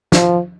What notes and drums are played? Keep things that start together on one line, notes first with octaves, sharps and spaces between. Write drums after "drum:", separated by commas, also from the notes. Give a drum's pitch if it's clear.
F3, drum: snare